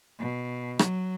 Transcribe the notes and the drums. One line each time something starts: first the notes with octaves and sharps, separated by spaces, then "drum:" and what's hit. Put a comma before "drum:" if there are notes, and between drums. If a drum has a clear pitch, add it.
B2
F#3, drum: rim click